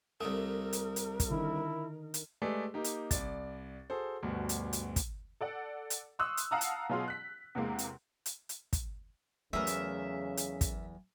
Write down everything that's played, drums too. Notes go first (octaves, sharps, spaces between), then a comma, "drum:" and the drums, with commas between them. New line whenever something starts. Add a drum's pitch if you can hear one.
C2 A3 A#4 D#6
drum: hi-hat
drum: hi-hat
drum: kick, hi-hat
D3 D#3 E4
drum: hi-hat
G#3 A3 G4 G#4 B4 D5
A#3 D#4 G4
drum: hi-hat
C2 D5 A6, drum: kick, hi-hat
F#4 G#4 A4 C5
D2 G2 B2
drum: hi-hat
drum: hi-hat
drum: kick, hi-hat
A4 D5 F#5
drum: hi-hat
C6 C#6 D#6 E6 F#6
drum: hi-hat
F5 F#5 A5 A#5 D#6 E6
drum: hi-hat
B2 F#3 F4 G#4 F5 C6
F#6 B6
E2 C3 G#3 A#3
drum: hi-hat
drum: hi-hat
drum: hi-hat
drum: kick, hi-hat
E2 C#3 F#3 A3 A#4 E5
drum: hi-hat
drum: hi-hat
drum: kick, hi-hat